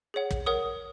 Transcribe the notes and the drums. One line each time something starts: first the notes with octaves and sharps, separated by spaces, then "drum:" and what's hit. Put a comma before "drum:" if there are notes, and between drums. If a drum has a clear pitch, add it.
G#4 C#5 F#5
drum: kick
A#4 C#5 F#5 D#6